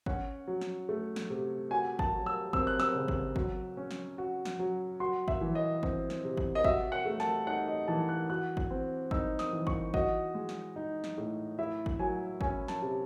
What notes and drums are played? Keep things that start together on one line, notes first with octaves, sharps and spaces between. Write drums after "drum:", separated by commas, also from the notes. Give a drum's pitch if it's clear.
C#4 F#5, drum: kick G#1
F#3
drum: snare
A3
drum: snare
C3
F#4 G#5
A5, drum: kick G#1
F#3
E6
C4 E6, drum: kick G#1
F#6
E6, drum: snare
C#3
drum: kick G#1
F#3, drum: kick G#1
C#4
drum: snare
F#4
drum: snare
F#3
F#4 C6
E5, drum: kick G#1
E3
D#5
C4, drum: kick G#1
drum: snare
C3
drum: kick G#1
D#5
F#4 E5, drum: kick G#1
F#5
A3
A5, drum: snare
D#4 F#5
D#5
E3 A5
F#6
F#4 F#6
drum: kick G#1
C4
D#4 E6, drum: kick G#1
D#6, drum: snare
E3
C#6, drum: kick G#1
F#4 D#5, drum: kick G#1
G#3
drum: snare
D#4
drum: snare
A2
E4 E5
drum: kick G#1
F#3 G#5
C#4 G#5, drum: kick G#1
A5, drum: snare
C3